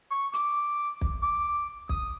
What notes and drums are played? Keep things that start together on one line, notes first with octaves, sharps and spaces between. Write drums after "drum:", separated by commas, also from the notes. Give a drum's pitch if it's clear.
C#6
D6, drum: hi-hat
drum: kick
D6
D#6, drum: kick